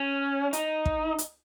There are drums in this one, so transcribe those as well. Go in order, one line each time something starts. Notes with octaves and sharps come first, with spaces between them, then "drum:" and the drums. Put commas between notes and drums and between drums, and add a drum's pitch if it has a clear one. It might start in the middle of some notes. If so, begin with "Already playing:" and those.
Already playing: C#4
D#4, drum: hi-hat
drum: kick
drum: hi-hat